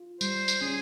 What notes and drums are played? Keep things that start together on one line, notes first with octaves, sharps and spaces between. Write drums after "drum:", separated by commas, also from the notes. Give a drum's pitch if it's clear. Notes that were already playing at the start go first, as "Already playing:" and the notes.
Already playing: F4
G3 C5, drum: tambourine
drum: tambourine
C#4 G#4